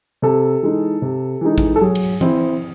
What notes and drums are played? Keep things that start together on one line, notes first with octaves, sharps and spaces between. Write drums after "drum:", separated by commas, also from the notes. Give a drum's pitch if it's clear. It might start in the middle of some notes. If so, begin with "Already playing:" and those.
C3 A4
E3 G#3 D#4
C3
E3 G#3 D#4
drum: kick
A4
F#3 G#4
drum: cymbal
C4 E4, drum: tom E3